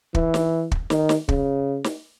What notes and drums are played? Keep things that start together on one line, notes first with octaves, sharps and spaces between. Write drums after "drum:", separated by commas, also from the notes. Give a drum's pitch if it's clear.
E3, drum: kick
drum: snare
drum: kick
D#3, drum: snare
drum: snare
C#3, drum: kick
drum: snare